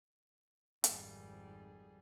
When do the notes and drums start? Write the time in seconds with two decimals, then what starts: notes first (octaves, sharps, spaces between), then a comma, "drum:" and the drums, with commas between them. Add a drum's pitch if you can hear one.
0.84 G#1 F2 G3 G#4, drum: hi-hat